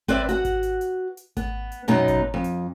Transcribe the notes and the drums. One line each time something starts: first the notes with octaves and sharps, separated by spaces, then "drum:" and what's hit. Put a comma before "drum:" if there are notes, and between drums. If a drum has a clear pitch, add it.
C4 B4 C5 D5 E5, drum: kick G#1, hi-hat
F#4 F#5, drum: hi-hat
drum: kick G#1, hi-hat
drum: hi-hat
drum: hi-hat
drum: hi-hat
B3, drum: kick G#1, hi-hat
drum: hi-hat
F#2 B2 B3 D#4, drum: hi-hat
drum: kick G#1, hi-hat
F2
drum: hi-hat